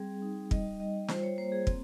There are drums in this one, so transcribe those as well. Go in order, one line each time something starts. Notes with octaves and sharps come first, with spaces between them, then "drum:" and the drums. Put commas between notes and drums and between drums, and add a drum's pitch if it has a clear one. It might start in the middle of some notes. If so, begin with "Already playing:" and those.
Already playing: G3 C4 G#4
D#4
G3 D#5, drum: kick
G3 D#5
F4 C5, drum: snare
C#5
A#3 C5
G#4
C4, drum: kick